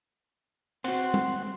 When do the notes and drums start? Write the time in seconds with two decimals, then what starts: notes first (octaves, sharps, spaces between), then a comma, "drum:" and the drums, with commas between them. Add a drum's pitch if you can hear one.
0.84 C4 F#4 F#5 C6, drum: cymbal
1.14 drum: tom G3